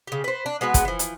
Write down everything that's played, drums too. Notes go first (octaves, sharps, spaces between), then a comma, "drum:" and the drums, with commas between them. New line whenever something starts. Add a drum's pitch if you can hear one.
C#3 G4
B4 C5
D4
G#3 B3 F#4 B4
drum: kick, hi-hat
E3 F3
drum: hi-hat